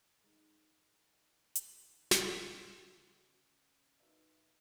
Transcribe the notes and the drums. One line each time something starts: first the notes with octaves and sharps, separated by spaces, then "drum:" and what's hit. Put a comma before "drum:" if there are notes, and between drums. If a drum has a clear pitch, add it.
D#3 G#3 D#4
drum: hi-hat
C#3 F#3 A#3, drum: snare
A#3 D#4 F#4 B4 E5